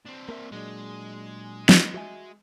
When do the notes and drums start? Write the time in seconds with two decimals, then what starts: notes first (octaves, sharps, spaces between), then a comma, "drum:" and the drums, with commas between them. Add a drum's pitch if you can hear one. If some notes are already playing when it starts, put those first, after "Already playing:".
0.06 C4 D4
0.29 A#3 A#4 E5
0.52 A#2 F#3 G#3 D4
1.69 drum: snare
1.94 F#4 E5 G#5